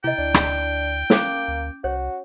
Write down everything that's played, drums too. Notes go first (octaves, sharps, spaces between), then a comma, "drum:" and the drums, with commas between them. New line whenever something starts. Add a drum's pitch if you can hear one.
C3 E4 D#5 G5
D2 D4
drum: rim click
A#3 C#4 D6, drum: snare
D2
C2 F#4 C#5